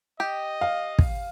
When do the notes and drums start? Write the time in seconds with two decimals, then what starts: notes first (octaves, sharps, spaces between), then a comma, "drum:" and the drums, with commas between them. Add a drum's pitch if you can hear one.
0.20 G4 D#5
0.61 F5
0.99 drum: kick